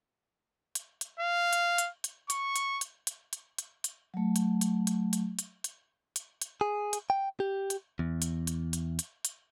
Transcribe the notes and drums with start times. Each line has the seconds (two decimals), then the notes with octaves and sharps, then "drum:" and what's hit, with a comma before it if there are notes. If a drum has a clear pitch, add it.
0.75 drum: hi-hat
1.01 drum: hi-hat
1.19 F5
1.53 drum: hi-hat
1.78 drum: hi-hat
2.04 drum: hi-hat
2.30 C#6, drum: hi-hat
2.56 drum: hi-hat
2.81 drum: hi-hat
3.07 drum: hi-hat
3.33 drum: hi-hat
3.58 drum: hi-hat
3.84 drum: hi-hat
4.14 F#3 A3
4.36 drum: hi-hat
4.61 drum: hi-hat
4.87 drum: hi-hat
5.13 drum: hi-hat
5.39 drum: hi-hat
5.64 drum: hi-hat
6.16 drum: hi-hat
6.42 drum: hi-hat
6.61 G#4
6.93 drum: hi-hat
7.10 G5
7.40 G4
7.70 drum: hi-hat
7.99 E2
8.22 drum: hi-hat
8.47 drum: hi-hat
8.73 drum: hi-hat
8.99 drum: hi-hat
9.25 drum: hi-hat